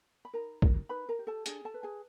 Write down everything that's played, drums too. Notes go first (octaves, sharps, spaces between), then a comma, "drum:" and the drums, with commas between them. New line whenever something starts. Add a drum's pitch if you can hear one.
B5
D#4 A#4 A#5
A#4, drum: kick
D#4 B4 B5
A#4 A#5
G4
A4 A5
D4 G#4 G#5, drum: hi-hat
A4 A5
B4
G#4 G#5